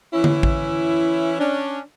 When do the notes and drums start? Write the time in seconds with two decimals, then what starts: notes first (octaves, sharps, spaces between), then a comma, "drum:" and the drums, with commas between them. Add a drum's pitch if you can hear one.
0.13 E3 C#4 E4
0.24 drum: tom D3
0.43 drum: kick A1
1.40 C#4 D4